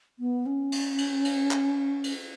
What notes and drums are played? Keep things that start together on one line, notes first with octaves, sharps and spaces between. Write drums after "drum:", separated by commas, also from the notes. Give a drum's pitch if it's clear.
B3
C#4
drum: cymbal
drum: cymbal
drum: cymbal
drum: clap
drum: cymbal